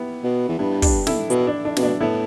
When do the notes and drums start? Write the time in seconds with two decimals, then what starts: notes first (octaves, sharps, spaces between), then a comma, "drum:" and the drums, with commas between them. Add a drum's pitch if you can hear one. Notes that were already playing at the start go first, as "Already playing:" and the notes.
Already playing: B3 E4 G4
0.24 B2
0.49 E2
0.58 G2 B3 E4
0.82 D4 G4, drum: kick, open hi-hat
1.07 E4 A4, drum: snare
1.30 B2, drum: hi-hat
1.47 D4
1.65 D4
1.77 B2, drum: snare
1.83 D4
2.00 A2 B3 E4